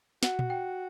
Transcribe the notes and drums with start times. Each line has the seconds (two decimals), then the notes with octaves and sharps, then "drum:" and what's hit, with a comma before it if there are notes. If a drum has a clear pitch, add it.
0.23 F#4 F#5, drum: snare
0.39 drum: tom A#2
0.50 G5